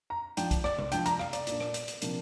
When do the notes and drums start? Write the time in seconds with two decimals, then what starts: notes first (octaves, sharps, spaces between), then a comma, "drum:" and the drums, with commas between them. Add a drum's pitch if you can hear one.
0.10 A#5
0.37 F3 D4 G5, drum: hi-hat
0.51 drum: kick B1, hi-hat
0.64 D5, drum: rim click
0.78 drum: tom C3
0.92 F3 D4 G5, drum: hi-hat
1.06 A#5, drum: hi-hat
1.19 F5, drum: rim click
1.33 D5, drum: hi-hat
1.47 A#2 A#3 D4, drum: hi-hat
1.60 drum: rim click
1.74 drum: hi-hat
1.88 drum: hi-hat
2.02 C3 F3 A#3 D4, drum: hi-hat